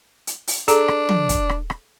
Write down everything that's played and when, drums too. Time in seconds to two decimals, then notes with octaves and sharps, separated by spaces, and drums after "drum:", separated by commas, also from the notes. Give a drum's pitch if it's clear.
0.27 drum: hi-hat
0.48 drum: open hi-hat
0.68 D4 G#4 A4 A#5, drum: hi-hat
0.88 drum: rim click
1.09 drum: tom
1.29 drum: kick, hi-hat
1.49 drum: rim click
1.70 drum: rim click